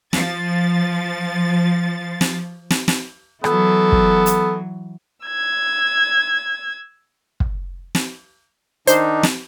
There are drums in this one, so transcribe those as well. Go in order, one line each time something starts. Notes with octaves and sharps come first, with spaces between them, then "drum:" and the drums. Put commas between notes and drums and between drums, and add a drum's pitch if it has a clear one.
F3 A6, drum: snare
drum: snare
drum: snare
drum: snare
E3 F#3 B3 A4, drum: rim click
drum: kick
drum: hi-hat
E6 G#6
drum: kick
drum: snare
D#3 D4 D#4 C5, drum: hi-hat
drum: snare